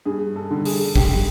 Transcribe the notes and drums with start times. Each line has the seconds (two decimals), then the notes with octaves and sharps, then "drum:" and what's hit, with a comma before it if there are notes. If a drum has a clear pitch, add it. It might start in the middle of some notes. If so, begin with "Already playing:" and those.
0.05 G2 G#4
0.36 A4
0.51 D3 G3
0.65 G#4, drum: open hi-hat
0.96 G2 G4, drum: kick